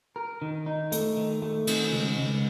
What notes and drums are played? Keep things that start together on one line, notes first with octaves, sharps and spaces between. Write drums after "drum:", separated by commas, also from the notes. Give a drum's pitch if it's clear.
A#4
D#3
D#4
A3, drum: hi-hat
D#3
A3
D#3, drum: cymbal
C#2
C#2